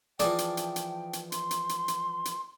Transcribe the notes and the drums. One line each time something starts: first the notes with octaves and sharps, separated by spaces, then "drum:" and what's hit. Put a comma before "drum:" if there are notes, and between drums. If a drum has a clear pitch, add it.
E3 F3 G#4 D5 G5 A5, drum: hi-hat
drum: hi-hat
drum: hi-hat
drum: hi-hat
drum: hi-hat
C6, drum: hi-hat
drum: hi-hat
drum: hi-hat
drum: hi-hat
drum: hi-hat